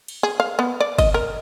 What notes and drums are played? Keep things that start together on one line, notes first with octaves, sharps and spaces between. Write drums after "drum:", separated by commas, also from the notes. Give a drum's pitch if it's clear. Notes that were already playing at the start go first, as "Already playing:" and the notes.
drum: cymbal
G#4
F5
B3
D5
D#5, drum: kick, cymbal
A#4